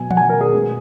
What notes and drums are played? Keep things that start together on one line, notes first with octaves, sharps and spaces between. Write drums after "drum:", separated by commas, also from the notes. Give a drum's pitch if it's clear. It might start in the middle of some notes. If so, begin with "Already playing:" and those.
Already playing: B2 F#3 B3 G#5
F#5, drum: tom E3
G#5
A#4
G#4
B2 G#3 B3